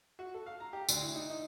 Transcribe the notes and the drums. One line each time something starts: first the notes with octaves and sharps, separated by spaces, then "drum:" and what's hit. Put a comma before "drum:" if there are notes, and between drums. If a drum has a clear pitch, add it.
F#4
A4
F5
A#5
G4
D2, drum: tambourine
E4
D#4
D#4